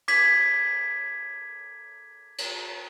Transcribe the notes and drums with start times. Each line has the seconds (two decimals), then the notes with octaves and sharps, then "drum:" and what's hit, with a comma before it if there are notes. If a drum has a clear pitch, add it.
0.08 D6 G#6 B6, drum: cymbal
2.38 drum: cymbal